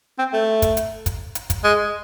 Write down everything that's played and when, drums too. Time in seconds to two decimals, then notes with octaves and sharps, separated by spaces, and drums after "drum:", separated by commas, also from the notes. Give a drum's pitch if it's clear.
0.19 C4
0.33 A3
0.62 drum: kick, hi-hat
0.77 drum: hi-hat
1.06 drum: kick, hi-hat
1.35 drum: hi-hat
1.50 drum: kick, hi-hat
1.64 G#3